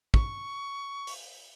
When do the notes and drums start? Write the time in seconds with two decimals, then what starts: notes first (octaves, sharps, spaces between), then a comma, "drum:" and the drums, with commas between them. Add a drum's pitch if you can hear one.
0.14 C#6, drum: kick
1.07 drum: open hi-hat